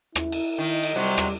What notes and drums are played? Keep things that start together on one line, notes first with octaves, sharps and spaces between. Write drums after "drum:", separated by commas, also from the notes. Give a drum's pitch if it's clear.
E4, drum: rim click
drum: cymbal
D#3
drum: cymbal
C3 F#3 G3
drum: rim click